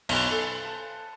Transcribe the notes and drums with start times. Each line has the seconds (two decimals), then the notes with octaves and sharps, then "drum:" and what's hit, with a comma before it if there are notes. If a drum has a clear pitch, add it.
0.09 B1 B4 C5 G#5, drum: cymbal
0.31 A4
0.65 A5